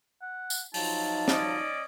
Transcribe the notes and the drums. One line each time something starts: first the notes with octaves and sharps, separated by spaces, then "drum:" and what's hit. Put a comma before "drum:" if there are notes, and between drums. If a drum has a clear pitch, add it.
F#5
drum: tambourine
F3 F#3 D#4 F4 A5, drum: open hi-hat
C#4 D5 D#5, drum: snare